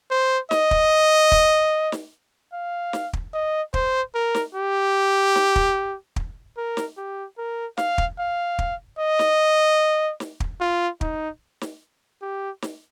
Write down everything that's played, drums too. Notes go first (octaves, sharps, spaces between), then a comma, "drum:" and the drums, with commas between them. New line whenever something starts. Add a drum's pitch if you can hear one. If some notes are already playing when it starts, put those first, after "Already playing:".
C5
D#5, drum: snare
drum: kick
drum: kick
drum: snare
F5
drum: snare
drum: kick
D#5
C5, drum: kick
A#4
drum: snare
G4
drum: snare
drum: kick
drum: kick
A#4
drum: snare
G4
A#4
F5, drum: snare
drum: kick
F5
drum: kick
D#5
drum: snare
drum: snare
drum: kick
F4
D#4, drum: kick
drum: snare
G4
drum: snare